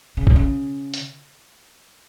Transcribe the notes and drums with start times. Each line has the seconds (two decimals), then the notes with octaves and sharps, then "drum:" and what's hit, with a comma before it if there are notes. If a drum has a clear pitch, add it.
0.17 C#3
0.27 B2, drum: kick
0.36 C#3
0.94 drum: hi-hat